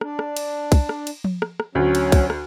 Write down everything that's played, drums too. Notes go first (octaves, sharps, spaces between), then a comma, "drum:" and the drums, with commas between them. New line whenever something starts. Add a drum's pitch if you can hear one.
D4, drum: rim click
drum: rim click
drum: cymbal
drum: kick, cymbal
drum: rim click
drum: cymbal
drum: tom F3
drum: rim click
drum: rim click
D2 F#3 C#4
drum: cymbal
drum: kick, cymbal
drum: rim click